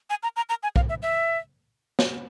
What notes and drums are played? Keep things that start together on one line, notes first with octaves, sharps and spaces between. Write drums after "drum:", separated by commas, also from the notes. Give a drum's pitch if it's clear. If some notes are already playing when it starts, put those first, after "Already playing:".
G#5
A#5
A#5
A#5
G#5
F5, drum: kick
E5
E5
drum: snare